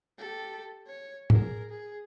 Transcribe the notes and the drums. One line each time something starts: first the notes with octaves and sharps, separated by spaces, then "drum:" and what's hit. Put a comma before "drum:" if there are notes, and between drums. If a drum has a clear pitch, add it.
G4 A4
C#5
G#4 A#4, drum: tom A2
G#4